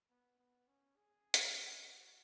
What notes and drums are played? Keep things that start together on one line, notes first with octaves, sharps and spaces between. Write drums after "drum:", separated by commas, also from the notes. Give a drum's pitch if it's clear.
B3
B3
C#4
G#4
drum: hi-hat
F#4